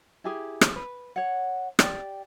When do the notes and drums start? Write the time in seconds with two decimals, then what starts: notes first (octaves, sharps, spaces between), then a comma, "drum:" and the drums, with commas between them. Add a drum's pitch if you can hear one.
0.24 E4 G4 G#4
0.61 drum: rim click
0.76 B4
1.16 C#5 F#5
1.79 G4 D5 G5, drum: rim click